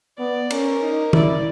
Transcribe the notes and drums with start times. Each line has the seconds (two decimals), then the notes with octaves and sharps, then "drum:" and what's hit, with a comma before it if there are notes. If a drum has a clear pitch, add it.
0.18 B3 D5
0.51 C#4 A#4, drum: cymbal
0.82 D#4
1.13 E4 D5, drum: tom